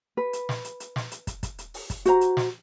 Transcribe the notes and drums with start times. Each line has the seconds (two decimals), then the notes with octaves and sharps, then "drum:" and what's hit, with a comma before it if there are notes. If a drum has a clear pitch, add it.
0.17 B4
0.33 drum: hi-hat
0.49 drum: snare
0.65 drum: hi-hat
0.80 drum: hi-hat
0.96 drum: snare
1.12 drum: hi-hat
1.27 drum: kick, hi-hat
1.43 drum: kick, hi-hat
1.58 drum: hi-hat
1.74 drum: open hi-hat
1.90 drum: kick, hi-hat
2.05 F#4 C5 A#5, drum: hi-hat
2.21 drum: hi-hat
2.37 drum: snare